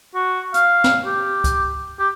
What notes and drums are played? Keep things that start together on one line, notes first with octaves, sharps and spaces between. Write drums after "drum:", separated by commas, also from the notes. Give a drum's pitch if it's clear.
F#4
F5, drum: hi-hat
drum: snare
G4
drum: kick C#2, hi-hat
G4